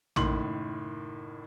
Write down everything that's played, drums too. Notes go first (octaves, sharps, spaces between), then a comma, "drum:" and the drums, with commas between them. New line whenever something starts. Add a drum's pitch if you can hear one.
F#1 A2 D#3 C6 F#7, drum: tom